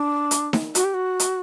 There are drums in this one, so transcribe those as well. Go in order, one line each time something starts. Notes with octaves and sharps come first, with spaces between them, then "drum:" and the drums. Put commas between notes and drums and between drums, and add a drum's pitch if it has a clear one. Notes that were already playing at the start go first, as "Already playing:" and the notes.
Already playing: D4
drum: hi-hat
drum: snare D#4
F#4, drum: hi-hat
G4
F#4
drum: hi-hat